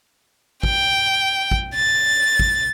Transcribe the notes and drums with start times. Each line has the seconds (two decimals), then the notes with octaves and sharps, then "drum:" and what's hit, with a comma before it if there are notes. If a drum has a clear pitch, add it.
0.63 G5, drum: kick A1
1.51 drum: kick A1
1.75 A6
2.39 drum: kick A1